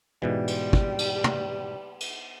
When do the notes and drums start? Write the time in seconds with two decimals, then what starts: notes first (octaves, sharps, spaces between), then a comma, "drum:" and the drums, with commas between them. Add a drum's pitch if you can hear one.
0.22 G#2 B2 E3 G3
0.48 drum: cymbal
0.73 drum: kick
0.99 drum: cymbal
1.24 drum: tom
2.00 drum: cymbal